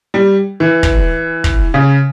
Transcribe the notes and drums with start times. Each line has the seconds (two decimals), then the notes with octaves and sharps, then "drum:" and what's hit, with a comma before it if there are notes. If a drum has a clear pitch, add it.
0.14 G3
0.60 E3
0.83 drum: kick
1.44 drum: kick
1.74 C#3